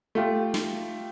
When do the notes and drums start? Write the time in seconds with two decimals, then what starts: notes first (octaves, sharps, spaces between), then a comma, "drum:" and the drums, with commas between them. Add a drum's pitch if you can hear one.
0.15 A3 F4 G4
0.54 drum: snare